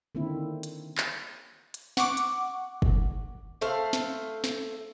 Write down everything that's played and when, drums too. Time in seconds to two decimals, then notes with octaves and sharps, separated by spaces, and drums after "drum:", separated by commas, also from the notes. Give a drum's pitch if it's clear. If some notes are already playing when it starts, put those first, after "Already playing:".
0.15 D3 D#3 A#3 C4 E4
0.63 drum: hi-hat
0.98 drum: clap
1.74 drum: hi-hat
1.97 F#5 C#6 D6, drum: snare
2.17 drum: hi-hat
2.82 drum: kick
3.61 A3 C5 F5
3.93 drum: snare
4.44 drum: snare